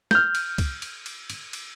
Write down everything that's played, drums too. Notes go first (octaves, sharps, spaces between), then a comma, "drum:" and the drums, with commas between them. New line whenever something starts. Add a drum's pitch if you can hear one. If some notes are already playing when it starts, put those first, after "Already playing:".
F6 G6, drum: snare
drum: cymbal
drum: kick C#2, cymbal
drum: cymbal
drum: cymbal
drum: cymbal
drum: cymbal